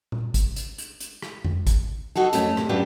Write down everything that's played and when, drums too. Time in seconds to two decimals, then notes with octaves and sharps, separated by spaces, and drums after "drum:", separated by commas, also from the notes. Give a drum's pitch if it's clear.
0.12 drum: tom A#2
0.34 drum: kick G#1, hi-hat
0.56 drum: hi-hat
0.78 drum: hi-hat
1.00 drum: hi-hat
1.22 drum: rim click
1.45 drum: tom F2
1.67 drum: kick G#1, hi-hat
2.16 D#4 F#4 G#4 A4
2.33 F2 A3 C#4, drum: hi-hat
2.57 C3, drum: rim click
2.69 F#2 F#3 D4 F4 G4 B4